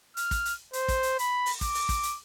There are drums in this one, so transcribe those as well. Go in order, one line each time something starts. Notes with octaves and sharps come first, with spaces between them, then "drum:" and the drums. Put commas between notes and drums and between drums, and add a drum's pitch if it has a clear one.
F6, drum: hi-hat
drum: kick, hi-hat
drum: hi-hat
C5, drum: hi-hat
drum: kick, hi-hat
drum: hi-hat
B5, drum: hi-hat
drum: open hi-hat
D6, drum: kick, hi-hat
drum: open hi-hat
drum: kick, hi-hat
drum: hi-hat